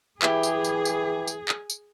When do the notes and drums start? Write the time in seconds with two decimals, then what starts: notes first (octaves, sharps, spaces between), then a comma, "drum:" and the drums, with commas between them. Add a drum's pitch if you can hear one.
0.22 E3 E4 G4 G#4, drum: clap
0.43 drum: tambourine
0.64 drum: tambourine
0.85 drum: tambourine
1.28 drum: tambourine
1.49 drum: clap
1.70 drum: tambourine